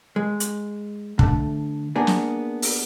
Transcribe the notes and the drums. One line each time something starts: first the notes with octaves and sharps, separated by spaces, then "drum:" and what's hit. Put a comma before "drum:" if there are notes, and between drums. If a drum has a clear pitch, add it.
G#3
drum: hi-hat
D3 A3, drum: kick
A#3 B3 D4 G#4
drum: snare
drum: open hi-hat